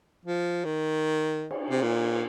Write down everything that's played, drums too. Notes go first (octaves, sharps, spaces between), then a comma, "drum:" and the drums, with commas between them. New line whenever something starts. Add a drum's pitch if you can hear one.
F3
D#3
drum: cymbal
C3
A#2